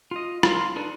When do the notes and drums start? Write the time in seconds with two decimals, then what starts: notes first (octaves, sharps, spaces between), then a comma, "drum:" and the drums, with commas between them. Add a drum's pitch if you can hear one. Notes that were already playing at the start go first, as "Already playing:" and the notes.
0.11 F4 D#5
0.43 F5 A#5 C6, drum: rim click
0.76 D4 D#4 A4 B4 D5